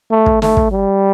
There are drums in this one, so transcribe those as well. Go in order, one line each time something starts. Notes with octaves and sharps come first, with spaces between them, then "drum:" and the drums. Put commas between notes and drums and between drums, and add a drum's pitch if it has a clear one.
A3
drum: kick
A3, drum: snare
drum: kick
G3